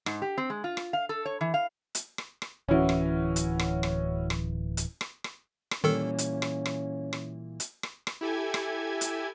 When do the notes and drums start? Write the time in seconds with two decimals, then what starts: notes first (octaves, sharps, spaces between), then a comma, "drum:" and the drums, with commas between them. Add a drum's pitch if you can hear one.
0.06 G#2, drum: rim click
0.22 G4
0.38 C4
0.50 G#3
0.64 F4
0.77 drum: rim click
0.93 F5
1.09 A4
1.25 C#5
1.41 E3
1.54 F5
1.95 drum: hi-hat
2.18 drum: rim click
2.42 drum: rim click
2.69 D1 E3 C#4 E4 F#4
2.89 drum: rim click
3.36 drum: hi-hat
3.59 drum: rim click
3.83 drum: rim click
4.30 drum: rim click
4.77 drum: hi-hat
5.01 drum: rim click
5.24 drum: rim click
5.71 drum: rim click
5.84 A#2 D#3 E3 G3 C#4 A4
6.18 drum: hi-hat
6.42 drum: rim click
6.66 drum: rim click
7.13 drum: rim click
7.60 drum: hi-hat
7.83 drum: rim click
8.07 drum: rim click
8.21 E4 G4 A4 G#5 G#6
8.54 drum: rim click
9.01 drum: hi-hat